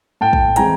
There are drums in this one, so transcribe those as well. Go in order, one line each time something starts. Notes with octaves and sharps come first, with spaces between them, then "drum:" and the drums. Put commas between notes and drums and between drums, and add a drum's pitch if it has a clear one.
A2 G5 A5
drum: kick
E3 G#3 C4 E4 G#5 A#5, drum: hi-hat